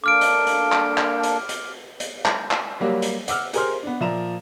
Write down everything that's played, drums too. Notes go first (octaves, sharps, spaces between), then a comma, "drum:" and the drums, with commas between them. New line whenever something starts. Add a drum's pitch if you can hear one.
A#3 D4 A4 D6 F6 D7
drum: hi-hat
drum: hi-hat
drum: clap
drum: clap
drum: hi-hat
drum: hi-hat
drum: hi-hat
drum: clap
drum: clap
F#3 G3 A#3 G4
drum: hi-hat
F#5 D6 E6 F6, drum: hi-hat
G4 G#4 A#4 C5 C6 F6, drum: hi-hat
B3 D4
A#2 F3 D5 E5 A#5 E7